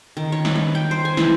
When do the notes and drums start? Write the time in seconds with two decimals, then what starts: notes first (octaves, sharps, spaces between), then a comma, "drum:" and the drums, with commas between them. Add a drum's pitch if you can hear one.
0.17 D#3
0.32 C#5
0.45 drum: snare
0.55 B4
0.75 G5
0.91 C5
1.05 G#5
1.17 E3, drum: snare